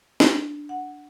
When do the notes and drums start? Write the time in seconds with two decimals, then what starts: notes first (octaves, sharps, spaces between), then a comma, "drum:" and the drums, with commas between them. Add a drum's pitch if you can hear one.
0.20 D4, drum: snare
0.69 F#5